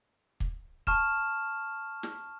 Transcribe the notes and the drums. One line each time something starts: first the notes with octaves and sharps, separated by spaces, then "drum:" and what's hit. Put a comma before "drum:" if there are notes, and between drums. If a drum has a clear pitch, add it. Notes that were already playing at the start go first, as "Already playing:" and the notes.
drum: kick
A5 C#6 F6 E7, drum: kick
drum: snare